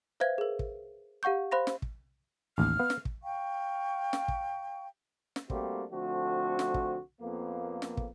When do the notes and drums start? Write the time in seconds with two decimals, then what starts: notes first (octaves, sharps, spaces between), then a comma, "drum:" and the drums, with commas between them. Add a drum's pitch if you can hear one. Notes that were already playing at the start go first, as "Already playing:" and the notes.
0.20 B4 C5 E5 F5 G#6
0.38 G#4 A#4
0.59 drum: kick
1.23 G4 F5 F#5 C#6 G6
1.52 C5 F5 B5 C6 A#6
1.67 drum: snare
1.82 drum: kick
2.58 A1 D#2 F6
2.79 B3 F5
2.90 drum: snare
3.05 drum: kick
3.22 F5 G5 C#6
4.13 drum: snare
4.28 drum: kick
5.36 drum: snare
5.50 G3 A3 A#3 C4 D4 F#4, drum: kick
5.91 D3 F3 A3 C4 F#4
6.59 drum: snare
6.74 drum: kick
7.21 F2 A#3 B3
7.82 drum: snare
7.97 drum: kick